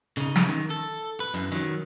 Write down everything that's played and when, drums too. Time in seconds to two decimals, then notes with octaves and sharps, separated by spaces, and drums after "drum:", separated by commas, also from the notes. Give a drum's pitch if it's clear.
0.17 C#3 D#4, drum: hi-hat
0.36 drum: snare
0.49 D#3
0.70 A4
1.20 B4
1.34 F#2 E3, drum: hi-hat
1.52 D#3 F#3, drum: hi-hat